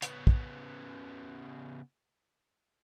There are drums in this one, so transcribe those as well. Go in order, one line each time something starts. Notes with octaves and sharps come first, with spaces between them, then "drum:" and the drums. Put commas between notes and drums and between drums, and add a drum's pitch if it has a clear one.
C#3 B3, drum: hi-hat
drum: kick